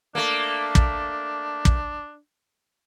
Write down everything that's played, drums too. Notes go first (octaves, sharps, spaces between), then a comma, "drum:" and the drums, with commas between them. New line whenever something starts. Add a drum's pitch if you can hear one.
A3 A#3 D4
drum: kick
drum: kick